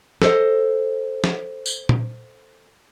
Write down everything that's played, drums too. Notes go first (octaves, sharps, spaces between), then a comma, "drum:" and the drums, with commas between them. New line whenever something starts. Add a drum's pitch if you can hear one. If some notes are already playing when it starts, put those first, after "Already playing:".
A4 C5 D#5, drum: snare
drum: snare
drum: tambourine
drum: tom A#2